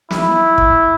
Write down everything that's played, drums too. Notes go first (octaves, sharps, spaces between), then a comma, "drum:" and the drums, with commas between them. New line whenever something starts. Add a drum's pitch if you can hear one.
E4, drum: snare
drum: kick